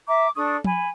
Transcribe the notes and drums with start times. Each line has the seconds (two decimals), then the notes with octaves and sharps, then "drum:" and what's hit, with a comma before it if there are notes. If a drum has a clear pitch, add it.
0.07 E5 A#5 D6
0.36 D4 A4 C#6 D#6
0.64 G#5 B5, drum: tom F3